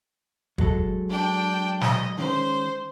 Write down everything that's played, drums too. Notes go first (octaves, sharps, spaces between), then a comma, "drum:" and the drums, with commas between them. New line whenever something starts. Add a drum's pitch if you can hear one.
F#3 G#3 A4, drum: kick
D4 G5
D#5, drum: snare
D#3 G#3 C#4 C5